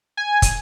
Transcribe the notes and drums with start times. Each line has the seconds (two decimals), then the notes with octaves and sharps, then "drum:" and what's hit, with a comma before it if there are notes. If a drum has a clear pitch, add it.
0.17 G#5
0.42 drum: kick, hi-hat